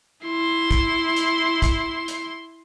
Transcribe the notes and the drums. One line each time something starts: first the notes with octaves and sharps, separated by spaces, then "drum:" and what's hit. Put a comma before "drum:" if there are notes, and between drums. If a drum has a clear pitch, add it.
E4 C6
drum: kick, hi-hat
drum: hi-hat
drum: kick, hi-hat
drum: hi-hat